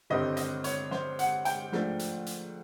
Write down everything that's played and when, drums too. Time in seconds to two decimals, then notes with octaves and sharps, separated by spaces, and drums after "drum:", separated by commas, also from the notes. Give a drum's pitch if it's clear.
0.10 G1 G2 D#3 G3 C4 D#5
0.37 D#5, drum: hi-hat
0.64 C#5, drum: hi-hat
0.91 C5, drum: snare
1.19 F#5, drum: hi-hat
1.45 G5, drum: hi-hat
1.72 G#2 F3 A3 D4, drum: snare
1.99 drum: hi-hat
2.26 drum: hi-hat